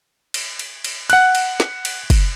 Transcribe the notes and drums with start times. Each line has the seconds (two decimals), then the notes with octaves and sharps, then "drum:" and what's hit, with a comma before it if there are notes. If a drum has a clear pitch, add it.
0.34 drum: cymbal
0.59 drum: cymbal
0.84 drum: cymbal
1.10 F#5 F#6, drum: cymbal
1.35 drum: cymbal
1.60 drum: snare
1.85 drum: cymbal
2.10 drum: kick, cymbal